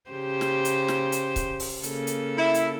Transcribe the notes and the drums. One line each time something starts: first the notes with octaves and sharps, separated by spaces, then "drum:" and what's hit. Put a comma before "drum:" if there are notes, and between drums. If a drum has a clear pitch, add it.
C#3 G4 C5
drum: snare
drum: hi-hat
drum: snare
drum: hi-hat
drum: kick C#1, hi-hat
drum: open hi-hat
C#3 A#3 A4, drum: hi-hat
drum: hi-hat
E4
drum: hi-hat